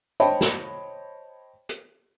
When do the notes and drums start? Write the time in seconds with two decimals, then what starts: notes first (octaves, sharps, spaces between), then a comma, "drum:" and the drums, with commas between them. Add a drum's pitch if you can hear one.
0.20 C5 C#5 D#5 G5 A5 B5, drum: tambourine
0.41 drum: snare
1.69 drum: hi-hat